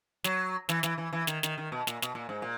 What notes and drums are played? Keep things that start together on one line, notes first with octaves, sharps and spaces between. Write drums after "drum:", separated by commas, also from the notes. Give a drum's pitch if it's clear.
F#3, drum: snare
E3, drum: snare
E3, drum: snare
E3
E3
D#3, drum: snare
D#3, drum: snare
D#3
B2
A#2, drum: snare
B2, drum: snare
A#2
G#2
A#2